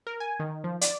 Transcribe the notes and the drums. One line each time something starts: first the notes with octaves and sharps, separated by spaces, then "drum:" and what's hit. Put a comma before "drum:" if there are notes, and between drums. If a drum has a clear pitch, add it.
A#4
G#5
D#3
F3
D5, drum: hi-hat